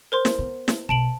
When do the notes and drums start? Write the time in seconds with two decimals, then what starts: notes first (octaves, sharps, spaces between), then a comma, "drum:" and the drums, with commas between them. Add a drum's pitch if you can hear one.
0.12 A#4 C5 C6
0.25 drum: snare
0.38 B3
0.68 drum: snare
0.89 B1 A5 D7 F#7